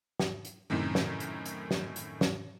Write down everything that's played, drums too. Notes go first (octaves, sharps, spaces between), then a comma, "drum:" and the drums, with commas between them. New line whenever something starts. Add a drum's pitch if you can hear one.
drum: snare
drum: hi-hat
F#2 A2 C3 D#3
drum: snare
drum: hi-hat
drum: hi-hat
drum: snare
drum: hi-hat
drum: snare